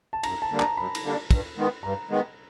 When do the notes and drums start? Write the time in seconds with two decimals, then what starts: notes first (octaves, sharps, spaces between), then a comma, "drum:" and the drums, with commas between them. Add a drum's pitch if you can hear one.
0.13 A5
0.23 F#2 A#5, drum: cymbal
0.42 A5
0.51 D3 G3 A#3 D4
0.60 A#5, drum: clap
0.77 F#2 B5
0.95 drum: cymbal
1.04 D3 G3 A#3 D4
1.31 G2, drum: kick, cymbal
1.57 D#3 G#3 B3
1.83 G2 A#5
2.10 D#3 G#3 B3